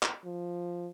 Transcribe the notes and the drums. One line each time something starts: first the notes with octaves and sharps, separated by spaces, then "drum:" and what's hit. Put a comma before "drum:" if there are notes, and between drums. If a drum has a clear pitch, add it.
drum: clap
F3